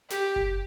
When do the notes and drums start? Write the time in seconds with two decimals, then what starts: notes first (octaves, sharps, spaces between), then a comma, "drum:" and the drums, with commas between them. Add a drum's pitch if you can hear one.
0.10 G4, drum: snare
0.36 drum: kick F#1